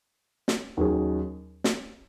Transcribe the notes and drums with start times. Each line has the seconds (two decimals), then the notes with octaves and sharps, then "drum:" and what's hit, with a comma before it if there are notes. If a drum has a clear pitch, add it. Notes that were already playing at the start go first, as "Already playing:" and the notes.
0.48 drum: snare
0.77 D#2 D#3 F#3 C#4 G#4
1.64 drum: snare